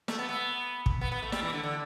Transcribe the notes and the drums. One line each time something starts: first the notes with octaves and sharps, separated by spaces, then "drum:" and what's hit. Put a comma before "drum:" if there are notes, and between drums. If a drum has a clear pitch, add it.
A3, drum: snare
B3
B3
drum: kick
B3
B3
A3
G3, drum: snare
E3
D3
D3